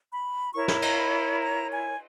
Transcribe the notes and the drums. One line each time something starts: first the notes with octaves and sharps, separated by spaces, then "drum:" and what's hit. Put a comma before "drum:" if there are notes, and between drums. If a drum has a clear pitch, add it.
B5
E4 A#4 C#5 C#6
B5, drum: snare
A#5, drum: cymbal
B5
A#5
G#5